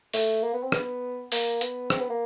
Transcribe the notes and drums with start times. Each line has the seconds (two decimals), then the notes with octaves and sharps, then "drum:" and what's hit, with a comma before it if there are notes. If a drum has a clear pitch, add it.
0.14 A3, drum: open hi-hat
0.43 A#3
0.53 B3
0.63 C4
0.72 B3, drum: rim click
1.32 A#3, drum: open hi-hat
1.61 B3, drum: hi-hat
1.90 C4, drum: rim click
2.00 B3
2.09 A#3